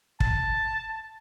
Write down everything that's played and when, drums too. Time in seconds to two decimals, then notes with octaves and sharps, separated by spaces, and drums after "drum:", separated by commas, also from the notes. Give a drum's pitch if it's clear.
0.20 A5, drum: kick